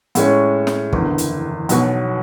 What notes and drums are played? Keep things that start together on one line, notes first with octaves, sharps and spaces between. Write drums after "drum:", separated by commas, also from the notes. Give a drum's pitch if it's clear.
A2 G#3 C#4, drum: hi-hat
drum: snare
F#1 E2 D3, drum: kick
drum: hi-hat
B1 B2 F#3, drum: hi-hat